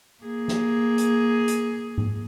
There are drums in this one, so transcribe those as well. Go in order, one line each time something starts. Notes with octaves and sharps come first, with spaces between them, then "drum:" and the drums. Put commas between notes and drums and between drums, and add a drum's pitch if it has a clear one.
A#3 G#4
drum: snare
drum: hi-hat
drum: hi-hat
drum: tom G#2